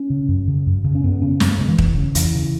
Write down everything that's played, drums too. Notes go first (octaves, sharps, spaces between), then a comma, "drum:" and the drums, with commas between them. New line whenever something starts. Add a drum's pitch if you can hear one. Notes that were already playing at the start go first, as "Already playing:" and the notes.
Already playing: C#4
C#3
F#2
C#3
F#2
C#3
C#4
F#2 B3
C#3 C#4
F#2 B3, drum: snare
A#3
C#3 G#3
E3
E2, drum: kick
C#3
E2 E3, drum: hi-hat
C#3